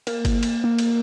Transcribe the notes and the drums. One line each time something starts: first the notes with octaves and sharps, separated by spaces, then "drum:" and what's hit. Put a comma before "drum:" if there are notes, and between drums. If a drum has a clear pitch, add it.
A#3, drum: cymbal
drum: kick G1, cymbal
drum: cymbal
A#3
drum: cymbal